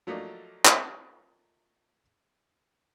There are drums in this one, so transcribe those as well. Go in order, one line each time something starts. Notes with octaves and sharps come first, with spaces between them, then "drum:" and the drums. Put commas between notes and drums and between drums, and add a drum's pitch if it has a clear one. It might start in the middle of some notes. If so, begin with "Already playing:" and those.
F3 F#3 A3 A#3 D4 D#4
drum: clap